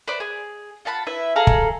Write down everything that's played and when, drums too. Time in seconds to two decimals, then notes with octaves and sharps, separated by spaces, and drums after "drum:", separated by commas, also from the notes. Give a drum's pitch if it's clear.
0.08 B4 C5 D5
0.20 G#4
0.85 F4 F#5 A5 B5
1.07 E4 B4 E5
1.36 G#4 A4 F5 A#5
1.47 drum: kick